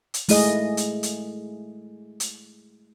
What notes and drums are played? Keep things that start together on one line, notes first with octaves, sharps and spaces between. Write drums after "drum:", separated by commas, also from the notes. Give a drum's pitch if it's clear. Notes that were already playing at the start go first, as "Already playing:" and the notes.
drum: hi-hat
G#3 A3 E4 G#4 D#5, drum: open hi-hat
drum: hi-hat
drum: hi-hat
drum: hi-hat